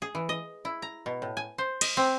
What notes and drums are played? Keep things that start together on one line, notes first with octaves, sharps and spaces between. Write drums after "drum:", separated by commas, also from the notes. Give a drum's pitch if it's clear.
G#4
E3
D#5
E4
A#5
B2
A2
G#5
C5
D#5, drum: cymbal
C4